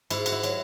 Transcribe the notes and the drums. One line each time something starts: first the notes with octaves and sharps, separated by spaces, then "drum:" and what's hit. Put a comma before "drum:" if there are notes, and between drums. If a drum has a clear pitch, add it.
G#2 E4, drum: cymbal
F#4, drum: cymbal
E4
F#3, drum: cymbal